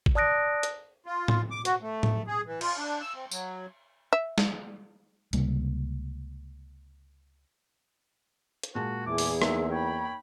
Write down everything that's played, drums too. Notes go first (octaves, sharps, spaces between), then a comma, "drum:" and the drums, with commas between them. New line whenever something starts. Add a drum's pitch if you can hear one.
drum: kick A1
D5 A5 D#6 F#6 A#6 D7
drum: hi-hat
F4
drum: tom A2
D6
F#4, drum: hi-hat
A3
drum: tom A2
G#4
E3
F4, drum: cymbal
D4
E6
C4
F#3, drum: tambourine
E5
drum: snare
C#2 C3 G3 A#3, drum: hi-hat
drum: hi-hat
A#2 G#3 F#4 A5
E2 E4 G#4 D6
drum: open hi-hat
A#3 D#4 E5, drum: rim click
C#5 G5 B5